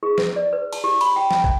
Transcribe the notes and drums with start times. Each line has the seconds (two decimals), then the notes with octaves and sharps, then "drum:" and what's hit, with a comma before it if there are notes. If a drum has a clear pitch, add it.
0.03 G#4
0.18 B4, drum: snare
0.36 D5
0.53 B4
0.73 A5, drum: cymbal
0.84 G4
1.01 B5, drum: cymbal
1.16 G5
1.31 G5, drum: snare
1.44 drum: kick